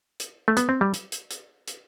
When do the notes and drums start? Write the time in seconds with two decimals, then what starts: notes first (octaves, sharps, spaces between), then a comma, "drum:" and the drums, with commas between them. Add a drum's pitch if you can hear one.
0.20 drum: hi-hat
0.48 A3
0.57 B3, drum: hi-hat
0.69 C4
0.81 G3
0.94 drum: hi-hat
1.12 drum: hi-hat
1.31 drum: hi-hat
1.68 drum: hi-hat